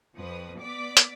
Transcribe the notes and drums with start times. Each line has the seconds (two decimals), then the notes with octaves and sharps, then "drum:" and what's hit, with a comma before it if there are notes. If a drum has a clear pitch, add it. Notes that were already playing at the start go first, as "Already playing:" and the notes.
0.15 F2 F3 B4 D#6
0.60 B3 D5 D6 B6
0.97 drum: hi-hat